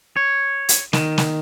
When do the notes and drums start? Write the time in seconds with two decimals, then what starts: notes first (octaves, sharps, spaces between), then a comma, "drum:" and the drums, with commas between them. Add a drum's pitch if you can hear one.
0.16 C#5
0.69 drum: hi-hat
0.93 D#3, drum: snare
1.18 drum: snare